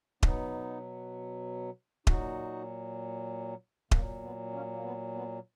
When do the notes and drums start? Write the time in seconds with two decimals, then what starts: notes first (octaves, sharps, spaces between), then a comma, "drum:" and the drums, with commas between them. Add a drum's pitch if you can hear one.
0.23 B2 F#3 B3 D#4, drum: kick D#1
2.07 A#2 F#3 D#4 F#4, drum: kick D#1
3.91 A#2 F#3 A#3, drum: kick D#1
4.22 B3
4.53 A#3 C#4
4.73 A#3
4.84 B3
5.14 B3